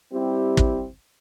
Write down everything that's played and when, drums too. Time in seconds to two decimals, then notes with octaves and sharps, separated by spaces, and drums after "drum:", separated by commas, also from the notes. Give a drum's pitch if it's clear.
0.11 G3 C4 E4 G4
0.57 drum: kick